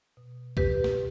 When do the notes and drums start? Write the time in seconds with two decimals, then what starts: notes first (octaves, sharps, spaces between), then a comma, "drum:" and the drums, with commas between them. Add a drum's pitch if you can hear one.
0.17 B2
0.57 B2 G4 B4, drum: kick
0.84 drum: snare